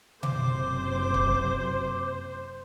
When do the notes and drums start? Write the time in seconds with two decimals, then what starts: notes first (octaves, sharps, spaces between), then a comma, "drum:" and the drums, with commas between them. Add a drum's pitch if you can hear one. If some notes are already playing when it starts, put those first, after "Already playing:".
0.23 F#1 F#2 C3 C5 D6, drum: tom B2
1.14 drum: kick